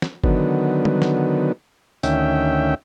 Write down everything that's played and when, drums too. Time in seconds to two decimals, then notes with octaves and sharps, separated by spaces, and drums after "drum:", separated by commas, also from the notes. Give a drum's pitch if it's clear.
0.02 drum: snare
0.24 D3 D#3 F#3 B3, drum: kick G1
0.85 drum: tom
1.02 drum: snare
2.03 D2 D#3 C#4 E5 G5, drum: tambourine